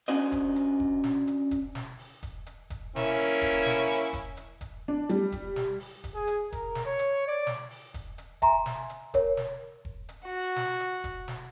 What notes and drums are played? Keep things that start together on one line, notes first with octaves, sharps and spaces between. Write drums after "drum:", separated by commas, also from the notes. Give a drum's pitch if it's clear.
C#4 D4 F#4 C5 D#5
drum: kick E1, hi-hat
drum: hi-hat
drum: kick E1
drum: snare
drum: hi-hat
drum: kick E1, hi-hat
drum: snare
drum: open hi-hat
drum: kick E1, hi-hat
drum: hi-hat
drum: kick E1, hi-hat
A#3 C#4 E4, drum: snare
drum: hi-hat
drum: kick E1, hi-hat
drum: snare
drum: open hi-hat
drum: kick E1, hi-hat
drum: hi-hat
drum: kick E1, hi-hat
D4
G3, drum: hi-hat
drum: kick E1, hi-hat
drum: snare
drum: open hi-hat
drum: kick E1, hi-hat
G#4
drum: hi-hat
A#4, drum: kick E1, hi-hat
drum: snare
C#5
drum: hi-hat
D5
drum: snare
drum: open hi-hat
drum: kick E1, hi-hat
drum: hi-hat
E5 G#5 A#5 C6, drum: kick E1, hi-hat
drum: snare
drum: hi-hat
A#4 C#5, drum: kick E1, hi-hat
drum: snare
drum: kick E1
drum: hi-hat
F#4
drum: snare
drum: hi-hat
drum: kick E1, hi-hat
drum: snare